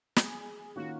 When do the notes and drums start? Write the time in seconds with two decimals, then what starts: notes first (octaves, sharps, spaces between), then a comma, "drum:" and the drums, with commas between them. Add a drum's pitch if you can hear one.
0.16 G#4, drum: snare
0.76 D#3 A#3 C#4 F4 F#4